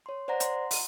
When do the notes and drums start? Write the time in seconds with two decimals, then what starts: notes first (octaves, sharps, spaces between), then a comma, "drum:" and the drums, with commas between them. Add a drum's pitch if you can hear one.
0.06 C#5 C6
0.28 C5 D5 F#5 A#5 A#6
0.40 F#5 A#5 C6, drum: hi-hat
0.71 drum: open hi-hat